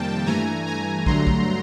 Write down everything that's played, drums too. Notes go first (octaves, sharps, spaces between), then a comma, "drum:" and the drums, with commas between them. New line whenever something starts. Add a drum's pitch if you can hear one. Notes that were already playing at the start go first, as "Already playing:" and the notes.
Already playing: F2 C3 D#3 G3 A#3 G5 A5
G2 E3 A3 G#5 A#5
G#5 A#5
G2 D3 F#3 A3 A#5 C6, drum: kick
drum: kick